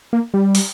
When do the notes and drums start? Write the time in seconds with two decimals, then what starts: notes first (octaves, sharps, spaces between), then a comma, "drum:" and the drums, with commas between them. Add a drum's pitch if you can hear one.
0.13 A#3
0.34 G3
0.55 drum: open hi-hat